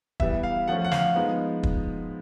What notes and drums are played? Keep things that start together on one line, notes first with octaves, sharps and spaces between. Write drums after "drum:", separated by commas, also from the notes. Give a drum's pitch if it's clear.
E3 G3 B3 E5, drum: kick
F5
F3 A3 C#4 F#5
F#5
F5, drum: snare
F3 G#3 B3 D#4
drum: kick